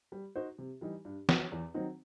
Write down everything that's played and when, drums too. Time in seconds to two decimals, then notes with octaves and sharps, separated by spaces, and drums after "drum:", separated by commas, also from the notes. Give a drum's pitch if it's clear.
0.12 G3
0.36 D#4 F#4 C5
0.58 C3
0.81 E3 G3 D#4
1.05 G2
1.29 F#3 B3 F#4, drum: snare
1.52 E2
1.74 D#3 F#3 C4 D#4